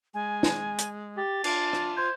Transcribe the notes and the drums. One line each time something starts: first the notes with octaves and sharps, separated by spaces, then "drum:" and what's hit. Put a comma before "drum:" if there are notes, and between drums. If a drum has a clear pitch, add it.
G#3 G#5
drum: snare
drum: hi-hat
G4 A6
D4 F4 C7 D7, drum: cymbal
drum: rim click
C5 C6 G6 G#6